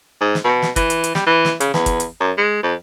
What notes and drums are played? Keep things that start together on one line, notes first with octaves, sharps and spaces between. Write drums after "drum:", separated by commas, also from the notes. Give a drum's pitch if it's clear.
G#2
drum: snare
B2
drum: snare
E3, drum: kick, hi-hat
drum: hi-hat
drum: hi-hat
G3, drum: snare
E3
drum: snare
C#3, drum: hi-hat
E2, drum: snare
drum: kick, hi-hat
drum: hi-hat
F#2
G#3
F2